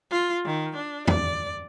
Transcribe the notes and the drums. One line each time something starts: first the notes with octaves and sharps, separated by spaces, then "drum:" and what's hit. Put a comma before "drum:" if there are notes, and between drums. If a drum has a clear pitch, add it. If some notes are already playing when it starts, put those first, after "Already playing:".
F4
D#3
D4
D5, drum: tom E2